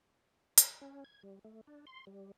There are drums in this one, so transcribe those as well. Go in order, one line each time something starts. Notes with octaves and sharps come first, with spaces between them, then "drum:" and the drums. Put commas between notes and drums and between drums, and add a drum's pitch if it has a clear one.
drum: hi-hat
C#4
G#6
G3
A3
D4
C6
G3